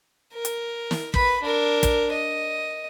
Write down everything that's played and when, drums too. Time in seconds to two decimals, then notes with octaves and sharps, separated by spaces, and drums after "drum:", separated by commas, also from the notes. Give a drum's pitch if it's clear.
0.33 A#4
0.45 drum: hi-hat
0.91 drum: snare
1.14 B4 B5, drum: kick
1.43 D4 A#4
1.83 drum: kick, hi-hat
2.12 D#5